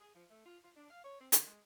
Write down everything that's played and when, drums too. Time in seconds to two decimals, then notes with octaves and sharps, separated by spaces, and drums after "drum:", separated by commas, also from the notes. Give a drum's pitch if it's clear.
0.01 G#4
0.15 F3
0.30 A3
0.46 F4
0.63 F4
0.76 D4
0.90 F5
1.05 C#5
1.21 C4
1.32 D#3, drum: hi-hat
1.46 G#3